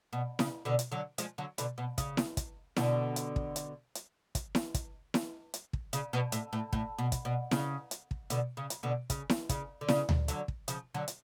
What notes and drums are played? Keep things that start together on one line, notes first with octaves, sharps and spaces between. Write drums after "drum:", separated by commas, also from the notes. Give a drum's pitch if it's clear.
B2
C#3, drum: snare E4
B2 D3
drum: hi-hat
D3 F#3
F3 G#3, drum: hi-hat
D3 F#3
B2 D3, drum: hi-hat
B2
C#3, drum: kick, hi-hat
drum: snare E4
drum: kick, hi-hat
B2 D3, drum: snare E4
drum: hi-hat
drum: kick
drum: hi-hat
drum: hi-hat
drum: kick, hi-hat
drum: snare E4
drum: kick, hi-hat
drum: snare E4
drum: hi-hat
drum: kick
C#3, drum: hi-hat
B2
A2, drum: hi-hat
A2
A2, drum: kick
B2
drum: kick, hi-hat
B2
C#3, drum: snare E4
drum: hi-hat
drum: kick
B2 D3, drum: hi-hat
C#3
drum: hi-hat
B2 D3
C#3, drum: kick, hi-hat
drum: snare E4
C#3, drum: kick, hi-hat
D3
C#3, drum: snare E4
drum: tom D2
D3 F#3, drum: hi-hat
drum: kick
C#3 F3, drum: hi-hat
D3 F#3
drum: hi-hat